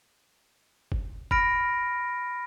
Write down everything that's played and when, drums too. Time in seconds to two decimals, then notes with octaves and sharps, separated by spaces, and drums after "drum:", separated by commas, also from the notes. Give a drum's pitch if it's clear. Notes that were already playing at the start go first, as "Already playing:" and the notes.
0.92 drum: kick F#1
1.31 B5 F6 A#6 D7, drum: kick F#1